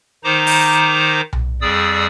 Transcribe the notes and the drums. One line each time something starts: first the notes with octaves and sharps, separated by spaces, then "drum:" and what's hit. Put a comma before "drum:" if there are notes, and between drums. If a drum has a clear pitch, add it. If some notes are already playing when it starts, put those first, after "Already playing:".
D#3 D#4 C5 A#5 D6
drum: open hi-hat
drum: tom B1
F2 G3 G#4 D5 D#6 E6